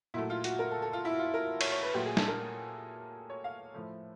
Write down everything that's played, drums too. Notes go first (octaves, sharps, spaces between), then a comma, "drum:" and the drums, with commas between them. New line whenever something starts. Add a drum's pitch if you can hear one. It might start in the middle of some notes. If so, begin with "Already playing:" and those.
A#2 F#3 A3 E4
F4
F#4, drum: hi-hat
A#4
A4
A4
F4
E4
F4
A#4
C#5, drum: cymbal
C#5
B4
A#2 F#3 A3 G4
G#4
A4, drum: snare
A#4
C#5
F5
A2 F3 A3